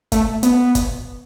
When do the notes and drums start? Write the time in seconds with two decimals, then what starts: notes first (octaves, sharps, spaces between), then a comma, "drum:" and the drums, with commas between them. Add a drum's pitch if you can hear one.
0.12 A3, drum: kick, hi-hat
0.43 B3, drum: hi-hat
0.75 drum: kick, hi-hat